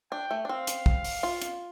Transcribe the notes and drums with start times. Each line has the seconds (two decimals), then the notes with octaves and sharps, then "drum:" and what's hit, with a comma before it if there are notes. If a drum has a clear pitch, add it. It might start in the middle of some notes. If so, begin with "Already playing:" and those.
0.12 D4 G5
0.31 A3
0.45 D4
0.49 C4 F5
0.67 drum: hi-hat
0.86 drum: kick
1.04 drum: open hi-hat
1.23 F4
1.42 drum: hi-hat